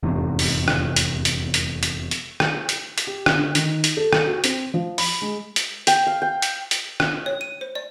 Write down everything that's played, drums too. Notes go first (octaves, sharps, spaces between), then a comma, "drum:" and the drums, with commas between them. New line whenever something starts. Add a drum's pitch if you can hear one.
F1 E2 G#2 C3
drum: open hi-hat
drum: rim click
drum: hi-hat
drum: hi-hat
drum: hi-hat
drum: hi-hat
drum: hi-hat
drum: rim click
drum: hi-hat
drum: hi-hat
G4
drum: rim click
D3
D#3, drum: hi-hat
drum: hi-hat
A4
drum: rim click
F#4
C4, drum: hi-hat
F3
B5, drum: open hi-hat
G#3
drum: hi-hat
G5, drum: hi-hat
F5
G5
drum: hi-hat
drum: hi-hat
drum: rim click
C#5
D#7
C5
D5